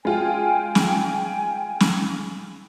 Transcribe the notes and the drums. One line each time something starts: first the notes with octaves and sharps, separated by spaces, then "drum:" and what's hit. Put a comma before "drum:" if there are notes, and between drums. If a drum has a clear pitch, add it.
G#3 F4 G5 G#5
drum: snare
drum: snare